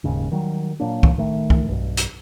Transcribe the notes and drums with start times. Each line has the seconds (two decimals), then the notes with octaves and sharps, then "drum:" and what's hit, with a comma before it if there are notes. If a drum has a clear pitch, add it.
0.04 D#1 D#2 G#2 C#3
0.32 D#3 F#3 G3
0.80 A#2 F#3 A#3 D4
1.03 drum: kick
1.18 D#3 A3
1.50 drum: kick
1.69 B1 G2
1.97 drum: hi-hat